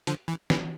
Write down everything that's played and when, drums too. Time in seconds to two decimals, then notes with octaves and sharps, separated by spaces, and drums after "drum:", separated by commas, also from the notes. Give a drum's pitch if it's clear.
0.07 D3 F3, drum: hi-hat
0.28 E3
0.50 E3, drum: snare